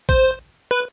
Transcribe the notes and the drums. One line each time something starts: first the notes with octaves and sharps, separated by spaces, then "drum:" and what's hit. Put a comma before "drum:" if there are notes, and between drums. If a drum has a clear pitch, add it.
C5, drum: kick A1
B4